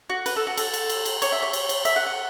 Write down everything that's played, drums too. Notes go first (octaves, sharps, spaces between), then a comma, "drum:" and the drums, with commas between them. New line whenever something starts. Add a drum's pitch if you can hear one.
F#4
B4, drum: cymbal
A4
F#4
A4, drum: cymbal
drum: cymbal
drum: cymbal
drum: cymbal
C#5, drum: cymbal
E5
C#5
drum: cymbal
drum: cymbal
E5, drum: cymbal
F#5
F#5